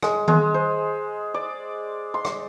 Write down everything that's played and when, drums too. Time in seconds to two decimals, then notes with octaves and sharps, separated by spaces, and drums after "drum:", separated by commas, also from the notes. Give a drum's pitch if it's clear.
0.02 G#3, drum: rim click
0.28 G#3, drum: tom D#3
0.54 C5
1.34 D5
2.14 C6
2.25 drum: rim click